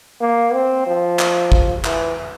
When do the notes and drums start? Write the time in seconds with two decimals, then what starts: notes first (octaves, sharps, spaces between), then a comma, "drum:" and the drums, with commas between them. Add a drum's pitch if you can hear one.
0.21 A#3
0.54 C4
0.87 F3
1.19 drum: clap
1.52 drum: kick
1.85 E3, drum: clap